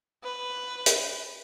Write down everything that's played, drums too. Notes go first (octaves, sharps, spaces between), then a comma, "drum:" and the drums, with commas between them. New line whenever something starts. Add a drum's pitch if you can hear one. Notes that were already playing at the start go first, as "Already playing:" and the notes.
B4
drum: hi-hat